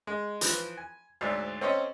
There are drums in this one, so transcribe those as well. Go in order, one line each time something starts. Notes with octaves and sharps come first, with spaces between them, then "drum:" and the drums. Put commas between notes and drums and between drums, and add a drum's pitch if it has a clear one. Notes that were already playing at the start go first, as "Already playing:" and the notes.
G#3
E3 F3, drum: hi-hat
G#5
D2 G#2 F#3 D4 E5
C4 C#4 A4 C#5 D#5